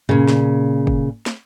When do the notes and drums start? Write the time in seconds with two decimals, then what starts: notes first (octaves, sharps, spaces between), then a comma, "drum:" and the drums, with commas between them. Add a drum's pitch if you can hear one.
0.09 A#2 C#3, drum: tom F#2
0.28 drum: snare
0.87 drum: kick
1.26 drum: snare